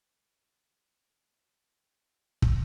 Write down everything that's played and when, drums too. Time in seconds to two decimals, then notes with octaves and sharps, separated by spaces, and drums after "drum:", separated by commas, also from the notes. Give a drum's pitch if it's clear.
0.19 C4 A4 B5 C#7
2.42 drum: kick